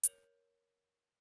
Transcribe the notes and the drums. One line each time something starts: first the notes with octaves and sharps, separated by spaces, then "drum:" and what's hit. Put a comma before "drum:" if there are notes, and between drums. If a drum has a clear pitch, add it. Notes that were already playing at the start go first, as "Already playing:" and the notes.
A#4 C#5 G6 C#7 F7 F#7, drum: hi-hat